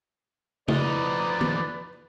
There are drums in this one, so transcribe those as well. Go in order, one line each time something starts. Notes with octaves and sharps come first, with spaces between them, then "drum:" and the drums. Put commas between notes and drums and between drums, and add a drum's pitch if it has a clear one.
F2 D#4 E4 B4 D5, drum: tom C#3
drum: tom D#3